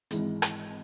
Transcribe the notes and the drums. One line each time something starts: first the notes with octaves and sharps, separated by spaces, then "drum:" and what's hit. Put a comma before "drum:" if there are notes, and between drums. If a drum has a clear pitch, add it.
G#1 G#2 E3 G#3, drum: hi-hat
drum: rim click